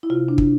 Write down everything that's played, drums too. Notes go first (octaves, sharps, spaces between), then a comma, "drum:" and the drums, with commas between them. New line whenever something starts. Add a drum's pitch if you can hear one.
E4
C3 F4
D4
drum: kick